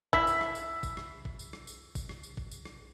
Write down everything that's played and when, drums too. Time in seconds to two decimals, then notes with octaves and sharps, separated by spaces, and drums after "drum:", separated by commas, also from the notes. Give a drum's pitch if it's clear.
0.13 E4 E6 B6, drum: kick
0.27 drum: tambourine
0.41 drum: rim click
0.55 drum: tambourine
0.83 drum: kick, tambourine
0.97 drum: rim click
1.25 drum: kick
1.39 drum: tambourine
1.53 drum: rim click
1.67 drum: tambourine
1.95 drum: kick, tambourine
2.09 drum: rim click
2.23 drum: tambourine
2.37 drum: kick
2.51 drum: tambourine
2.65 drum: rim click